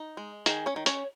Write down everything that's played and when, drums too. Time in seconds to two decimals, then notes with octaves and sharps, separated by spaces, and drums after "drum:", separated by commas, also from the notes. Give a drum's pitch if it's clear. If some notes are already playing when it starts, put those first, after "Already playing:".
Already playing: D#4
0.17 G#3
0.46 D#3 G#4 G#5, drum: hi-hat
0.66 C#4 C#5
0.76 D#3
0.86 C#4 C#5, drum: hi-hat